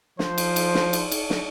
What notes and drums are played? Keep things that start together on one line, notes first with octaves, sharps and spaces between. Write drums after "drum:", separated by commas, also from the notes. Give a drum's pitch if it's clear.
F3 C5, drum: snare
drum: cymbal
drum: cymbal
drum: snare
drum: cymbal
drum: cymbal
drum: snare